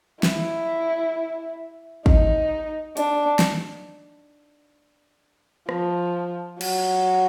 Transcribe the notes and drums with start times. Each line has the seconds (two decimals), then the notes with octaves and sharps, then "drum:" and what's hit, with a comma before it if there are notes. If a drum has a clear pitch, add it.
0.23 E4, drum: snare
2.06 D#4, drum: kick G#1
2.97 D4, drum: hi-hat
3.39 drum: snare
5.69 F3, drum: rim click
6.61 F#3, drum: cymbal